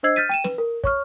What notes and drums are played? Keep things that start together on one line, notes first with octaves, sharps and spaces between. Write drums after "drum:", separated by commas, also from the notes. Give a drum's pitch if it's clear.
D4 C5 D#5 E6 G#6 C7
F6 G6 A6 B6 D#7
G5 D#7 E7
B4, drum: snare
A#4
C#5 C#6 F6, drum: kick